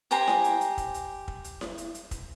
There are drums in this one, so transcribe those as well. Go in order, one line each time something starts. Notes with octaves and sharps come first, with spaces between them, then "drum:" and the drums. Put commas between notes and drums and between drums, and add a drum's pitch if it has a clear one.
G4 C5 G#5 A#5, drum: hi-hat
drum: snare E4
drum: hi-hat
drum: hi-hat
drum: kick, hi-hat
drum: hi-hat
drum: kick
drum: hi-hat
drum: snare E4
drum: hi-hat
drum: hi-hat
drum: kick, hi-hat